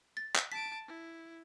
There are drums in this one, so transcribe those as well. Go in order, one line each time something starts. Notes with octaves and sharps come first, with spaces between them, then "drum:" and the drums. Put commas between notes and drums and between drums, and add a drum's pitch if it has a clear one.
A6
drum: clap
A5 B6 D7
E4